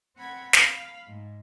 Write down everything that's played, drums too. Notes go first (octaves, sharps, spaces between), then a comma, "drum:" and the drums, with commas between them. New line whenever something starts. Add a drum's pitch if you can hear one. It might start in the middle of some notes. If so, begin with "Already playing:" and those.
C4 F#5 B5 G#6
F5 B5, drum: snare
G#2